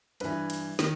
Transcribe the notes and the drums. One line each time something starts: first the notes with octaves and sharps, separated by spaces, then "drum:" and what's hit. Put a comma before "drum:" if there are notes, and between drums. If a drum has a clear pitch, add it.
G2 E3 B4, drum: cymbal
drum: cymbal
D#3, drum: snare